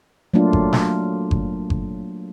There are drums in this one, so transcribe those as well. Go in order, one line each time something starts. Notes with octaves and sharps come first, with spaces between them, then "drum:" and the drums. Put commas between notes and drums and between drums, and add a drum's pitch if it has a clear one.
F#3 A3 A#3 D4 F4
drum: kick G1
drum: snare
drum: kick G1
drum: kick G1